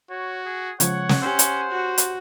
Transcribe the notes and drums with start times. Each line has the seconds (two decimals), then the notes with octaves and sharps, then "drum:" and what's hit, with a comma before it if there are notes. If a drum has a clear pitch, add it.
0.10 F#4 C#5
0.46 G#4
0.80 C#3 F3 G#3 C#5 F#5, drum: hi-hat
1.09 drum: snare
1.22 C#4 G4 C5 E6
1.39 drum: hi-hat
1.72 F#4
1.98 drum: hi-hat